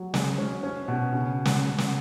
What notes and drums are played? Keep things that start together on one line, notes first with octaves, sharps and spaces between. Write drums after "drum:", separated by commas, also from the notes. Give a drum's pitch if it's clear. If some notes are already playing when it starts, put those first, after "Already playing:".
Already playing: F#3
G#3, drum: snare
C#4
C#4
B2
C#3
drum: snare
drum: snare